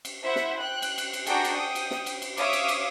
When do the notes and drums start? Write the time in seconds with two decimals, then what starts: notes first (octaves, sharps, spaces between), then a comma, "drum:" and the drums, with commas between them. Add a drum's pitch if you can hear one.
0.05 drum: cymbal
0.24 E4 C5 E5 F#5
0.36 drum: snare
0.59 G5 F#6
0.82 drum: cymbal
0.98 drum: cymbal
1.13 drum: cymbal
1.27 D4 F#4 G#4 G5 A#5, drum: cymbal
1.44 drum: cymbal
1.56 G5 D#6
1.75 drum: cymbal
1.91 drum: snare
2.06 drum: cymbal
2.22 drum: cymbal
2.37 C#5 E5 F5 D6 D#6, drum: cymbal
2.53 drum: cymbal
2.68 drum: cymbal